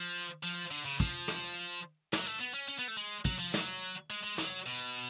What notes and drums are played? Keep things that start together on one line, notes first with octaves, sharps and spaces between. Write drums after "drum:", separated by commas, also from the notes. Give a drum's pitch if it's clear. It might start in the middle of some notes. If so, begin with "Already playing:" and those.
Already playing: F3
F3
D3
C#3
F3, drum: kick
drum: snare
F#3, drum: snare
A3
B3
C#4
C#4
B3
A3
G#3
F#3, drum: kick
F3
F#3, drum: snare
G#3
G#3
F#3, drum: snare
B2